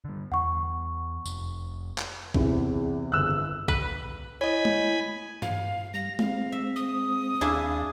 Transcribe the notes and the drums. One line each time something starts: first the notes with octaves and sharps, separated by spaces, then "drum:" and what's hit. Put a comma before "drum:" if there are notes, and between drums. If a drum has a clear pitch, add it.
D3 G3
E2 F#5 C#6
F1, drum: tambourine
drum: clap
E2 C3 E3, drum: kick A#1
G1 E6 F#6
B4, drum: kick A#1
E4 C#5 D#5 G#5 B5
drum: tom G#3
F5, drum: tom G2
G3 A#6
G#3 C4 F5, drum: tom G#3
E5
D#6
D#2 D4 E4 G#4 F5 A6